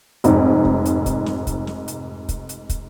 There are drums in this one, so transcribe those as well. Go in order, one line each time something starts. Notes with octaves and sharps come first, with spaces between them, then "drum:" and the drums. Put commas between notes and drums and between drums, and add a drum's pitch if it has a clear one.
F1 G#2 C5, drum: hi-hat
drum: kick
drum: hi-hat
drum: kick, hi-hat
drum: snare
drum: kick, hi-hat
drum: snare
drum: hi-hat
drum: kick, hi-hat
drum: hi-hat
drum: kick, hi-hat